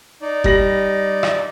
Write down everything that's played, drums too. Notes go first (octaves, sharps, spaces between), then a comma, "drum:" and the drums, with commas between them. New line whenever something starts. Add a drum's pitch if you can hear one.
D#4 D5
G3 A#6 F#7, drum: kick F#1
drum: rim click